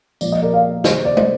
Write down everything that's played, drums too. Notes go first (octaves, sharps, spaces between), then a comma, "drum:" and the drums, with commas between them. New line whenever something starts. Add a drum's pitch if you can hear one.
A#2 F3 D5, drum: tambourine
D#5
A#4 D5
D5 F5
C3 D#3 C5 D#5, drum: snare
D5
C5 D#5, drum: tom